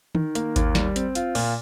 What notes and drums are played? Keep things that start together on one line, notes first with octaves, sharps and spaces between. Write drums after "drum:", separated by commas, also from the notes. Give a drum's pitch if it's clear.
D#3, drum: tom D#3
A#3, drum: hi-hat
D#2, drum: kick G#1, hi-hat
G3, drum: snare
C4, drum: hi-hat
F4, drum: hi-hat
A#2, drum: open hi-hat